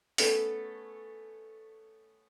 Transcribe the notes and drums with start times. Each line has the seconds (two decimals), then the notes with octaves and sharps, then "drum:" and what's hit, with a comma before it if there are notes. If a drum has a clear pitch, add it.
0.18 A3 B3 C#4 A4, drum: open hi-hat